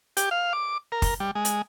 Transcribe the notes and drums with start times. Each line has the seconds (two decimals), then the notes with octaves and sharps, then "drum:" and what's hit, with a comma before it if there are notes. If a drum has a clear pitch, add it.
0.17 G4, drum: hi-hat
0.31 F5
0.53 D6
0.92 A#4
1.02 drum: kick, open hi-hat
1.20 G3
1.35 G#3
1.45 drum: hi-hat